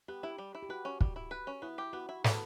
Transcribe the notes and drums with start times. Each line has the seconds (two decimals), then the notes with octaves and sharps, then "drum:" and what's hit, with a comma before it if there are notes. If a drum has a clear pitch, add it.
0.08 B3 G4
0.23 E4 G4
0.38 G3
0.55 E4
0.63 G4
0.69 F#4 B4
0.85 C#4
1.01 G3, drum: kick
1.16 E4
1.31 B4
1.47 C#4
1.62 B3 E4
1.78 G4
1.93 B3 F#4
2.09 E4
2.24 B3 A4, drum: snare